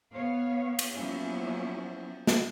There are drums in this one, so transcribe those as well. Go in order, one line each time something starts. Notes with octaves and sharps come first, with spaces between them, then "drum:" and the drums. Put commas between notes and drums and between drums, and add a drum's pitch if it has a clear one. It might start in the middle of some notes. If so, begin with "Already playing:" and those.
B3 C#5 F5
drum: cymbal
F3 F#3 A#3 B3 C#4 E4
drum: snare